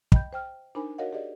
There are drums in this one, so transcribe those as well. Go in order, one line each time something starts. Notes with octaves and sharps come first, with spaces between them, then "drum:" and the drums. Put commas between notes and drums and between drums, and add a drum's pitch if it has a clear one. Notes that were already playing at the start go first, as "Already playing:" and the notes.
D#5 G5 B5 G6, drum: kick
C5 G5 F6
D4 D#4 A#4 C5 G#5 B5
F#4 A#4 C#5 D#5 F5 F#5
G4 G#4 D5 D#5